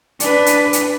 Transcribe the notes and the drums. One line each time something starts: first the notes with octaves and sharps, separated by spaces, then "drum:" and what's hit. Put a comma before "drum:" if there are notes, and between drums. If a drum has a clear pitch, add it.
D4 B4, drum: hi-hat
drum: hi-hat
drum: hi-hat